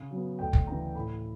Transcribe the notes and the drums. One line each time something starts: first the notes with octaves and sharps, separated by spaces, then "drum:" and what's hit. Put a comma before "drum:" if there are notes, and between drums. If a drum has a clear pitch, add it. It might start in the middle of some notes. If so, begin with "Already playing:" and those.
Already playing: C#3
F#3 B3
D2 G5
drum: kick
C#3 E3 A#5
A2 B5